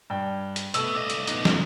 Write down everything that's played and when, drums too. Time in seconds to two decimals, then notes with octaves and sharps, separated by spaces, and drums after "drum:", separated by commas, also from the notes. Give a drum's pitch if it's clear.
0.10 G2 G5
0.56 drum: hi-hat
0.74 B2 A3 E6, drum: hi-hat
0.95 D4 D#5
1.10 drum: hi-hat
1.27 B3 D#4, drum: hi-hat
1.45 drum: snare